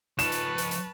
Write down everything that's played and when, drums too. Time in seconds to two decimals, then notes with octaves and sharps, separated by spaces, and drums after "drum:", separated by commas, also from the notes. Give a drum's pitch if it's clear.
0.19 F3 D#4 B4 A5 C#6 E7, drum: hi-hat
0.32 drum: hi-hat
0.58 drum: hi-hat
0.71 drum: hi-hat